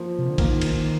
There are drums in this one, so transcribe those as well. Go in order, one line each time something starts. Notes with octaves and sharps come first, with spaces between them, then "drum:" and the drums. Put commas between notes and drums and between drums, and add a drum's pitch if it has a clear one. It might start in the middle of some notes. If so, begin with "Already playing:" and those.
Already playing: F3 A#3
C3
D3
D#3 A#3, drum: kick, cymbal
drum: cymbal